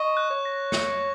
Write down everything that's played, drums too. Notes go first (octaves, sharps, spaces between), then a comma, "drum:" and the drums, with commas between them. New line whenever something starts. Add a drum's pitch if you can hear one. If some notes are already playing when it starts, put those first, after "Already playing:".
Already playing: D#5 C#6
F#6
C#5
A#6
C#7, drum: snare